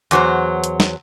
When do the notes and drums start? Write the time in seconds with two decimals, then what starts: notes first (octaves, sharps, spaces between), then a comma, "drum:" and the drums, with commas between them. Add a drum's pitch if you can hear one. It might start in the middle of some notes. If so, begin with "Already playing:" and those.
0.11 E2 F#3 C5, drum: hi-hat
0.64 drum: hi-hat
0.80 drum: snare